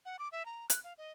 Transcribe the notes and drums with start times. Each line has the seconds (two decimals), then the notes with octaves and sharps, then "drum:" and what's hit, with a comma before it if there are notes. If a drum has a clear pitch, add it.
0.05 F#5
0.19 D6
0.32 E5
0.45 A#5
0.70 F#6, drum: hi-hat
0.84 F5
0.98 D#5